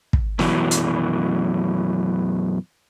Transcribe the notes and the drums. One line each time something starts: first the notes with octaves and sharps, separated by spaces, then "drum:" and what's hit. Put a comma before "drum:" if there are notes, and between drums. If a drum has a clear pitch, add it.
drum: kick
F#2 B2 E3 F#3, drum: snare
drum: hi-hat